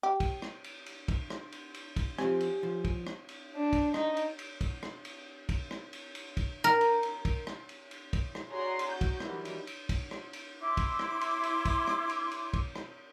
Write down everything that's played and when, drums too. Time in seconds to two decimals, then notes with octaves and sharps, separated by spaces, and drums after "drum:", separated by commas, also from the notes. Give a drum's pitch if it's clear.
0.03 G4
0.20 drum: kick, cymbal
0.42 drum: rim click
0.64 drum: cymbal
0.86 drum: cymbal
1.08 drum: kick, cymbal
1.30 drum: rim click
1.52 drum: cymbal
1.74 drum: cymbal
1.96 drum: kick, cymbal
2.18 F3 C4 G4 G#5, drum: rim click
2.41 drum: cymbal
2.63 F3
2.85 drum: kick, cymbal
3.07 drum: rim click
3.29 drum: cymbal
3.56 D4
3.73 drum: kick, cymbal
3.94 D#4, drum: rim click
4.17 drum: cymbal
4.39 drum: cymbal
4.61 drum: kick, cymbal
4.83 drum: rim click
5.05 drum: cymbal
5.49 drum: kick, cymbal
5.71 drum: rim click
5.93 drum: cymbal
6.15 drum: cymbal
6.37 drum: kick, cymbal
6.64 A#4
6.81 drum: cymbal
7.03 drum: cymbal
7.25 drum: kick, cymbal
7.47 drum: rim click
7.69 drum: cymbal
7.91 drum: cymbal
8.13 drum: kick, cymbal
8.35 drum: rim click
8.49 F#4 G#4 C#5 D5 A#5 C6
8.79 drum: cymbal
8.88 F#4 G6
9.01 drum: kick, cymbal
9.20 D#3 E3 F#3 G3, drum: rim click
9.45 drum: cymbal
9.67 drum: cymbal
9.89 drum: kick, cymbal
10.11 drum: rim click
10.33 drum: cymbal
10.60 E4 C6 D6
10.77 drum: kick, cymbal
10.99 drum: rim click
11.21 drum: cymbal
11.43 drum: cymbal
11.65 drum: kick, cymbal
11.87 drum: rim click
12.09 drum: cymbal
12.31 drum: cymbal
12.54 drum: kick, cymbal
12.76 drum: rim click